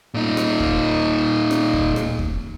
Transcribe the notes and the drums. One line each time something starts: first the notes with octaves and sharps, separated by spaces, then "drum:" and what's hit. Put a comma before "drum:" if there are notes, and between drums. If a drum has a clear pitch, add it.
A#2 D#4
drum: rim click
drum: kick
drum: rim click
drum: kick
drum: rim click
drum: kick